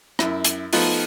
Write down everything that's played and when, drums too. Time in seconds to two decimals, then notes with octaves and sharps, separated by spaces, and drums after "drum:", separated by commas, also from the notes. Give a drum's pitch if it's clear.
0.19 F#2 E4, drum: rim click
0.44 drum: hi-hat
0.73 F3 A3 B3 D#4 F4, drum: open hi-hat